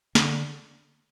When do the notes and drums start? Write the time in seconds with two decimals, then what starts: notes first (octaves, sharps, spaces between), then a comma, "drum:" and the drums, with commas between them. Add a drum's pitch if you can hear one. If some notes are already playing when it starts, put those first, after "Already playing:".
0.15 D3, drum: snare